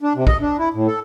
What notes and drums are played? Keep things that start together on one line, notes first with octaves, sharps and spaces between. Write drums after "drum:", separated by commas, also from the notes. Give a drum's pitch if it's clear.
D4
C3
D#5, drum: kick
D4
E4
A2
A4